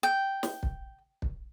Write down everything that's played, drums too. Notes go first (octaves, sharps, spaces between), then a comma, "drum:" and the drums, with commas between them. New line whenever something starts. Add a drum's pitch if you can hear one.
G5
drum: snare
drum: kick
drum: kick